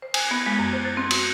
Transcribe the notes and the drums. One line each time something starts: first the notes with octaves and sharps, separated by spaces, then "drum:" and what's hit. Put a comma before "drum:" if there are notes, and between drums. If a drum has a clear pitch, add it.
C5
G#5, drum: cymbal
B3
G#3
F#2
C5
A6
C4
F#4, drum: cymbal